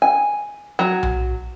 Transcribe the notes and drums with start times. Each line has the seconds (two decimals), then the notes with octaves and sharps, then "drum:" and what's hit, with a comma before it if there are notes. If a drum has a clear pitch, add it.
0.02 G#5
0.79 F#3
1.03 drum: tom B1